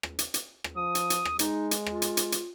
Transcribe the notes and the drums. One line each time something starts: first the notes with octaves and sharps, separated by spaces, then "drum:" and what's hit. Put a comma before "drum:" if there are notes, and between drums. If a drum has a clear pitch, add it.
drum: rim click
drum: hi-hat
drum: hi-hat
drum: rim click
F3 D#6
drum: hi-hat
drum: hi-hat
drum: rim click
G#3 D#4, drum: hi-hat
drum: hi-hat
F4, drum: rim click
drum: hi-hat
drum: hi-hat
drum: hi-hat